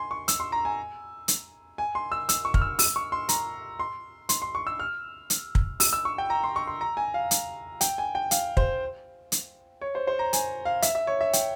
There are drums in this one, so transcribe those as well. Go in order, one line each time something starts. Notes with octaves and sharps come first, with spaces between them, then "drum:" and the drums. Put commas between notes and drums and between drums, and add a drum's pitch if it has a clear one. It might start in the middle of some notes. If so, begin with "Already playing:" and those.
Already playing: G#5 C6
C#6
E6, drum: hi-hat
C6
A#5
G#5
drum: hi-hat
G#5
C6
E6
E6, drum: hi-hat
C#6
F6, drum: kick
E6
E6, drum: open hi-hat
C#6
C6
A#5, drum: hi-hat
C6
C6, drum: hi-hat
C6
C#6
E6
F6
drum: hi-hat
drum: kick
E6, drum: open hi-hat
E6
C#6
G5
A#5
C6
C#6
C6
A#5
G#5
F5
drum: hi-hat
G5, drum: hi-hat
G#5
G5
F5, drum: hi-hat
C5, drum: kick
drum: hi-hat
C#5
C5
C5
A#5
G#5, drum: hi-hat
F5
E5, drum: hi-hat
E5
C#5
E5
G5, drum: hi-hat